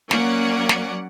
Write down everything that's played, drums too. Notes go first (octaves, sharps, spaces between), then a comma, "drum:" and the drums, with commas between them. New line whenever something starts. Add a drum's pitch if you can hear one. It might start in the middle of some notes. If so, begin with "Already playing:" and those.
F#3 A#3 C#4 D5 F#5, drum: snare
drum: snare